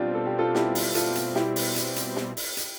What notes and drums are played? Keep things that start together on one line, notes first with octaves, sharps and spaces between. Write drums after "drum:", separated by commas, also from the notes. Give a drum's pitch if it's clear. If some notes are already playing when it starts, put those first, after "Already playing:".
Already playing: B2 G3 C4 D4 F4 G4
A4
G4
F4 A4
E4 G4, drum: snare
drum: open hi-hat
F4 A4, drum: hi-hat
drum: hi-hat
E4 G4, drum: snare
drum: open hi-hat
drum: hi-hat
drum: hi-hat
drum: snare
drum: open hi-hat
drum: hi-hat